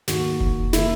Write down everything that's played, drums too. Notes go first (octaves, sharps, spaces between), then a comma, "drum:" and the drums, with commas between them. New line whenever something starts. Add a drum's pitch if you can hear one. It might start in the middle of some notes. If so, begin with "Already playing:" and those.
D#2 D#3 A#3 F#4, drum: snare
drum: kick F1
D#3 A#3 E4, drum: snare